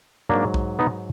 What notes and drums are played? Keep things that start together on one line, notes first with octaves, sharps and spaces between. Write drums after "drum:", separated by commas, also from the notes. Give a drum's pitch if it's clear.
G#2 F#3 A#3 D4
drum: kick B1
B3 D#4